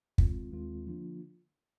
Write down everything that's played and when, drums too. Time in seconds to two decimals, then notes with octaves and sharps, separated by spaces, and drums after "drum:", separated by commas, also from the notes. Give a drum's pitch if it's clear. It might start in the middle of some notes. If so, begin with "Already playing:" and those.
0.18 D#2 D#3 G#3 C4 F4, drum: kick
0.52 D#2 D#3 G#3 C4 F4
0.87 D3 F3 A#3 D4 F4